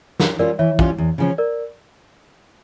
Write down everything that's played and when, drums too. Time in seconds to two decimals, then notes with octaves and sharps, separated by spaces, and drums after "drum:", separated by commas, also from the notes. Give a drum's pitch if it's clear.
0.20 E3 A#4, drum: snare
0.39 G3 C#4 F4 A#4 D5
0.59 E3 C#5 E5
0.79 G3 C#4 F4, drum: kick
0.98 E2
1.18 C#3 F3 C#4
1.38 A#4 D5